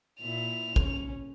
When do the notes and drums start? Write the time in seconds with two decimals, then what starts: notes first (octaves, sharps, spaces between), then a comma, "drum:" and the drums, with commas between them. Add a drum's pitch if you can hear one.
0.21 A#2 E4 F7
0.76 C#4, drum: kick